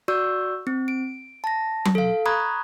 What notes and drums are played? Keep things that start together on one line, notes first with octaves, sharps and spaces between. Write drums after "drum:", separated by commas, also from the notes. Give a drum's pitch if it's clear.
F#4 D5 C#6 E6 G6
C4
D7
A5 A#6
drum: tom F#3
A4 F5
A#5 B5 C#6 D#6 F#6 G#6